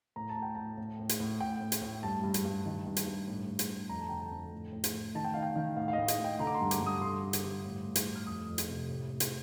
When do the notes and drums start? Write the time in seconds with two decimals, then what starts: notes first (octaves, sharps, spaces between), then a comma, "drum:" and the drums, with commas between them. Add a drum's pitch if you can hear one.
0.16 A2 A#5
0.29 A5
0.36 A2
0.42 G5
0.55 A2 A5
0.78 A2
1.00 A2
1.09 drum: hi-hat
1.20 A2
1.40 A2 G5
1.61 A2
1.72 drum: hi-hat
1.82 A2
2.03 G2 A5
2.23 G2
2.34 drum: hi-hat
2.45 G2
2.66 D#3
2.86 G2
2.97 drum: hi-hat
3.06 G2
3.28 A2
3.48 A2
3.59 drum: hi-hat
3.70 A2
3.89 F2 A#5
3.99 A5
4.09 D3 G5
4.20 A5
4.31 F2
4.53 A2
4.73 A2
4.84 drum: hi-hat
4.94 A2
5.15 D#3 A5
5.24 G5
5.34 D#3 F5
5.43 G5
5.56 D#3
5.77 A2 F5
5.88 F5
5.93 D#5
5.98 A2
6.08 D#5, drum: hi-hat
6.18 A2
6.24 G5
6.39 D3 A#5
6.47 D6
6.55 C6
6.61 G2
6.71 D6, drum: hi-hat
6.81 G2
6.86 D#6
7.01 D3 C6
7.23 D3
7.33 drum: hi-hat
7.44 G2
7.65 A2
7.85 A2
7.96 drum: hi-hat
8.06 A2
8.15 F6
8.27 F2 D#6
8.48 F2
8.58 drum: hi-hat
8.68 C3
8.90 A2
9.10 A2
9.20 drum: hi-hat